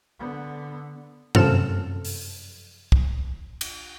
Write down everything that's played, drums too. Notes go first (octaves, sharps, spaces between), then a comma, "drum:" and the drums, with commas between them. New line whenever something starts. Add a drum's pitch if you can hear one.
D3 B3
F#2 C3 F3 A4 F6 E7, drum: tom G2
drum: open hi-hat
drum: kick
drum: cymbal